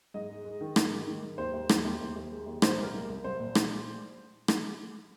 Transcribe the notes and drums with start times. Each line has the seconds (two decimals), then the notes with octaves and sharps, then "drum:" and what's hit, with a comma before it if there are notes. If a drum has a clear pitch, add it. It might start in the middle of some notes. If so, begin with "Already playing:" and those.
0.14 G#2 D#5
0.29 G#3
0.45 G#3
0.61 D#3
0.76 G#2, drum: rim click
0.92 D#3
1.07 D#3
1.23 G#2
1.38 D#2 C5
1.54 D#2
1.69 D#2, drum: rim click
1.85 D#2
2.01 D#2
2.16 D#2
2.31 G#3
2.46 D#2
2.62 A#2 C5, drum: rim click
2.77 C2
2.83 A#4
2.93 C2
3.09 C2
3.24 C2 C5
3.40 A#2
3.55 A#2, drum: rim click
4.48 drum: rim click